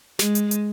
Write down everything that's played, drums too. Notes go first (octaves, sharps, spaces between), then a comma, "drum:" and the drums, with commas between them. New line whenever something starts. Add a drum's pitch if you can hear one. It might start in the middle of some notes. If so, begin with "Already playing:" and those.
G#3, drum: snare
drum: hi-hat
drum: hi-hat